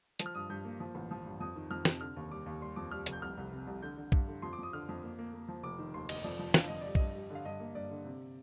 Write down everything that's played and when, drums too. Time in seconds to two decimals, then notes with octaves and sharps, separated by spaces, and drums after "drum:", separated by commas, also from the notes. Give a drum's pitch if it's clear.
0.19 F3, drum: hi-hat
0.26 F6
0.35 G2 D#6
0.50 G2 G6
0.65 A#3
0.80 F3
0.95 A1
1.11 F3
1.26 G2
1.40 F2 D#6
1.56 D#3
1.71 F2 F6
1.85 C3, drum: snare
2.01 D3 F6
2.17 D#2
2.31 G3 D6
2.46 D#2
2.61 G3 C6
2.76 F2 D6
2.91 G3 F6
3.06 F1, drum: hi-hat
3.13 G6
3.22 C2 F6
3.37 C2
3.52 C3
3.67 C2
3.82 D3 G6
3.97 D3
4.12 G2, drum: kick A#1
4.28 D3
4.42 F2 C6
4.53 D6
4.58 F2 D#6
4.73 D3 F6
4.89 F2
5.03 A#3
5.19 A#3
5.33 A#3
5.48 F3
5.63 F1 D6
5.79 D#3
5.94 D#2 C6
6.09 F1 D#5, drum: cymbal
6.24 F2 D5
6.39 F3
6.54 D3 F5, drum: snare
6.68 F2 D#5
6.81 G3 D5
6.95 G2 D#5, drum: kick A#1
7.15 G3
7.30 D3
7.35 F5
7.45 G2 D#5
7.60 A#3
7.75 G2 D5
7.91 D3
8.05 C3